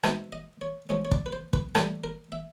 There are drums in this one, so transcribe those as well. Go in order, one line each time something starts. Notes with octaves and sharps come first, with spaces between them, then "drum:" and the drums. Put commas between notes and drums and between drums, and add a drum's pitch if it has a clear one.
B2 G#3 C4 D#4 E5, drum: rim click
D#5
C#5
F3 G#3 C#4 C#5
C#5
D5, drum: kick
B4
C5
B4, drum: kick
A2 E3 G3 A4, drum: rim click
A#4
E5